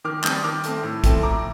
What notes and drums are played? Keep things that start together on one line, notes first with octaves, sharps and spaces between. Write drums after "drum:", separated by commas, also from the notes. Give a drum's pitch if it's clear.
D#3 D6 F6
G3 C4 D#6 G6, drum: clap
D#3 D6 F6
A3 C4, drum: hi-hat
A2
F3 A3 C4, drum: kick, hi-hat
A2 A#5 D6